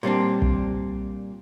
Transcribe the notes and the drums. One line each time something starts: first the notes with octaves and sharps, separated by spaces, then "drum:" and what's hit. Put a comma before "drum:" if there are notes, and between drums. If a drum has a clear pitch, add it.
A#2 G3 C4 D4
drum: kick B1